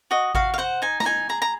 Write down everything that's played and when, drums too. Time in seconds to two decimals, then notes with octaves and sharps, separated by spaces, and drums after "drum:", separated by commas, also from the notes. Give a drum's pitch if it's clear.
0.11 F#4 D#5
0.35 F#4 F5, drum: kick G#1
0.54 F5
0.58 C5 F#5
0.82 D#4 G#5
1.00 A#5, drum: snare A3
1.05 D#4 G#5
1.29 G#4 A#5
1.42 A#5